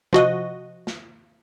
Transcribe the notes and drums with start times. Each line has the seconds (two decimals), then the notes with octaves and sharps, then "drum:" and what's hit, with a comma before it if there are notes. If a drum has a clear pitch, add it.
0.13 F3 F#4 D#5, drum: tom C3
0.87 drum: snare